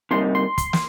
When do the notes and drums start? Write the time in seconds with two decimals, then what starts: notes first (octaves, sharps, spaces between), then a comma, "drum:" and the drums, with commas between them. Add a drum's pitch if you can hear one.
0.11 D2 C3 G3 A#3 D#4 C6
0.35 C6
0.58 C6, drum: kick, hi-hat
0.73 drum: snare